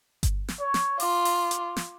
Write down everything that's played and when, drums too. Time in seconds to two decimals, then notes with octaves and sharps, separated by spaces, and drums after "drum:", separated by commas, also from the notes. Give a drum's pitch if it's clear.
0.23 drum: kick G1, hi-hat
0.48 drum: snare
0.61 C#5
0.74 drum: snare
1.00 F4 D6, drum: open hi-hat
1.25 drum: open hi-hat
1.51 drum: hi-hat
1.76 drum: snare